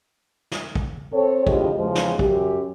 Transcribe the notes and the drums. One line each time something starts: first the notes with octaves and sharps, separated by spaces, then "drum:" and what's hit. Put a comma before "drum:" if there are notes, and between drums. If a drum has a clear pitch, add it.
drum: snare
drum: kick
C4 A4 C#5
F2 A2 D3 G#3 G4 D#5, drum: kick
E2 C#3 F3 G#3
drum: snare
F#2 G4, drum: kick